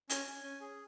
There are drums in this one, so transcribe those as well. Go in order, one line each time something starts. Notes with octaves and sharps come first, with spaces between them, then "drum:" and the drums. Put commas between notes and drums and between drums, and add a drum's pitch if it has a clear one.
C#4 G#5, drum: hi-hat
C#4
C#4
G#4